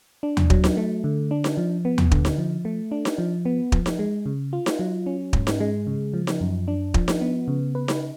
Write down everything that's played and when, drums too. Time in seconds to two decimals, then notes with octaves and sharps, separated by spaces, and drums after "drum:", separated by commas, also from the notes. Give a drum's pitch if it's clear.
0.23 D4
0.37 drum: tom D#2
0.50 F#3, drum: kick
0.64 drum: snare D#4
0.77 A3
1.04 D3
1.31 D4
1.44 drum: snare D#4
1.57 F3
1.85 B3
1.98 drum: tom D#2
2.11 D3, drum: kick
2.25 drum: snare D#4
2.38 F3
2.65 A3
2.91 D4
3.05 drum: snare D#4
3.18 F3
3.45 B3
3.72 F3, drum: kick
3.86 drum: snare D#4
3.99 G#3
4.26 C#3
4.53 F4
4.66 drum: snare D#4
4.79 F#3
5.06 C#4
5.33 G#2, drum: kick
5.47 drum: snare D#4
5.60 G#3
5.87 C#3
6.14 F3
6.27 drum: snare D#4
6.41 F#2
6.68 D4
6.94 F3, drum: kick
7.08 drum: snare D#4
7.21 B3
7.48 C#3
7.75 B4
7.88 drum: snare D#4